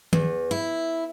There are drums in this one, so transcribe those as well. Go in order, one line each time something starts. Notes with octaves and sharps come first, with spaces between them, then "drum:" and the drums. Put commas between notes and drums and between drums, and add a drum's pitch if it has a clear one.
E2, drum: tom D#3
E4